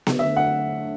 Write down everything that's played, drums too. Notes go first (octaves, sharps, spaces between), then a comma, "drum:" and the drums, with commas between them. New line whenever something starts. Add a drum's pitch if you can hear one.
drum: snare B3
D3 F#3 A3 E5
F#5